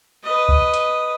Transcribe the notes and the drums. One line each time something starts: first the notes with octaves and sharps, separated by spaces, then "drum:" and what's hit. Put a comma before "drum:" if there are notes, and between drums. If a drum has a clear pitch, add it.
B4 D#5
drum: kick C#2
drum: hi-hat